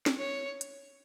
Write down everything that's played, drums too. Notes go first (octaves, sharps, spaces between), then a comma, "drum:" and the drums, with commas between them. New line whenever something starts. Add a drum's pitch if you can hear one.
drum: snare
C#5
drum: hi-hat